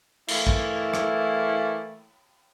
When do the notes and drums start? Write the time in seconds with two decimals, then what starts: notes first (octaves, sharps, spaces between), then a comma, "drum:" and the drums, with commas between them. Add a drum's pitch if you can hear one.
0.28 E3 A3 A#3 E4, drum: cymbal
0.47 drum: kick A#1
0.94 drum: rim click